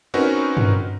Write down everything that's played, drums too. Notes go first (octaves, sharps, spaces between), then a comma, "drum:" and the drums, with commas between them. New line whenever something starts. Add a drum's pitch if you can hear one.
C4 C#4 D#4 F#4 A#4 B4
drum: tom G2